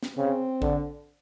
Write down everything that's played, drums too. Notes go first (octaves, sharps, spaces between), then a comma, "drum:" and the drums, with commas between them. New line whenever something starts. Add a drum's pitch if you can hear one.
drum: snare
C#3 C4
D3, drum: kick A1